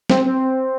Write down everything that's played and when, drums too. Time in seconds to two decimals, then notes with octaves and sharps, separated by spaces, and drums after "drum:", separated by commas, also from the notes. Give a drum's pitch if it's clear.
0.10 C4, drum: snare
0.26 C4